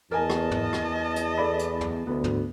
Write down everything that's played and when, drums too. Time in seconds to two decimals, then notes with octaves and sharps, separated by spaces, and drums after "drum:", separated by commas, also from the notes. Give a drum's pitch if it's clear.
0.11 E2 A#4 D#5 G#5 A5
0.30 drum: rim click
0.51 drum: tom
0.73 drum: rim click
1.16 drum: hi-hat
1.38 A4 D5 B5
1.59 drum: hi-hat
1.81 drum: tom
2.07 D2 B3
2.24 drum: tom